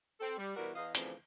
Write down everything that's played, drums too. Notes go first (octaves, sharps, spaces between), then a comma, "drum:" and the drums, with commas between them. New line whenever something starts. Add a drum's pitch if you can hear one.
C4 A4
G3
B2 E3 G3 F#4 A#4
E2 D#5 F5
D2 C#3 E3 F3 C4 D4, drum: hi-hat